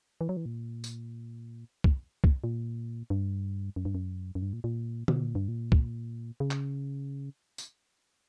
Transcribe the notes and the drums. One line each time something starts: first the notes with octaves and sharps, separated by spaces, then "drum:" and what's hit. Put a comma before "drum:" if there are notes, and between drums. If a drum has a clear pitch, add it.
E3
F#3
E3
A#2
drum: tambourine
drum: kick
drum: kick
A#2
G2
F#2
G2
F#2
F#2
G2
A#2
A#2
B2, drum: tom D3
A#2
G2
A#2
drum: kick
C#3
drum: clap
drum: tambourine